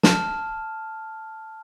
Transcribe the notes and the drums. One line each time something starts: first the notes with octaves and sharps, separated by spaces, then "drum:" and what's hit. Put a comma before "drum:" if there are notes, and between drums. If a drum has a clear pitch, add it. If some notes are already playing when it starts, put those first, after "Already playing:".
A5 F6, drum: snare